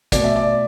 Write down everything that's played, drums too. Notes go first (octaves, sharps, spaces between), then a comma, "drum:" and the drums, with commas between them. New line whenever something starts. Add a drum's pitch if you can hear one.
B2 A3 D5, drum: kick, hi-hat
E5
D5